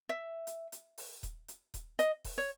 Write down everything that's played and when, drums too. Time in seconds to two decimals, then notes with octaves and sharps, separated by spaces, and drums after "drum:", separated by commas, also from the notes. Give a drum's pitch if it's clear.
0.09 E5
0.47 drum: hi-hat
0.72 drum: hi-hat
0.98 drum: open hi-hat
1.23 drum: kick D#1, hi-hat
1.48 drum: hi-hat
1.74 drum: kick D#1, hi-hat
1.99 D#5, drum: hi-hat
2.24 drum: kick D#1, open hi-hat
2.38 C#5